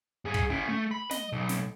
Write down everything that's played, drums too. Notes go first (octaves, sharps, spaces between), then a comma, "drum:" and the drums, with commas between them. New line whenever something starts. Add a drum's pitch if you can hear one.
G2 G#4
drum: kick
C#4 E4
A3
B5
D#5, drum: snare
B1
drum: snare